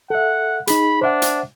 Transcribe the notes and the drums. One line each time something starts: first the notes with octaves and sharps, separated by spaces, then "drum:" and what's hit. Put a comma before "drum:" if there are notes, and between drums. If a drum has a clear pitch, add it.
A4 E5 F#5
D#4 G#4 B5, drum: hi-hat
D4 C5 E5 F#5
drum: hi-hat